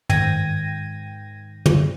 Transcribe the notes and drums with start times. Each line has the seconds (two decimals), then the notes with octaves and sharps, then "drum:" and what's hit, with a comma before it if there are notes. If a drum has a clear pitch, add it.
0.09 G#2 D#3 G5 G#6 A#6 D#7, drum: tom
1.66 drum: tom